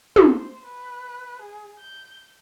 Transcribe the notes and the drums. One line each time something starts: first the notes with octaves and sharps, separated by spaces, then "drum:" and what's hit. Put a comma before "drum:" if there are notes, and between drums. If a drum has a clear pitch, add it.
C5, drum: tom
B4
G#4
G6